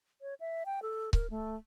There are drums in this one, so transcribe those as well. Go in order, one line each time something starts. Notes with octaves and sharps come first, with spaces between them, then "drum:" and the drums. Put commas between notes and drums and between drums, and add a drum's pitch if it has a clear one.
C#5
E5
G5
A4
A#4, drum: kick C#1
A3